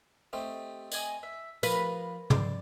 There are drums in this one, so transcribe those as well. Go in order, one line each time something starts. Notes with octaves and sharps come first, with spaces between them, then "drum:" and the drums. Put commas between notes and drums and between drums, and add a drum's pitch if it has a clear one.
A3 C4 D#4 G4
D#5 G#5 D#6, drum: tambourine
E5
F3 A#4 B4 B5, drum: tambourine
D5, drum: tom